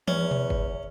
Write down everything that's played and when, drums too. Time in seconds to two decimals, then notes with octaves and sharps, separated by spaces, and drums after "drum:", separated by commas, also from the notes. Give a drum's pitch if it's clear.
0.08 E2 C#4, drum: tom E3
0.31 drum: tom B2
0.50 drum: kick